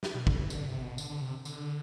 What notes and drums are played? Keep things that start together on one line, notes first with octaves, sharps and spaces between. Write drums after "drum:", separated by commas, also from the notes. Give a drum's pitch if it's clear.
drum: snare G4
B2
D3, drum: kick
E3
D3, drum: tambourine
C3
B2
D3, drum: tambourine
D3
C3
D3, drum: tambourine